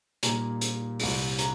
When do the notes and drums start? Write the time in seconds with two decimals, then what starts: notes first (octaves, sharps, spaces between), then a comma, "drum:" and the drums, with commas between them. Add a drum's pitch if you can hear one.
0.23 A#2 G3 A#3 D#4 A#5, drum: hi-hat
0.61 drum: hi-hat
0.99 C2 C3 G3, drum: open hi-hat
1.39 A#5, drum: hi-hat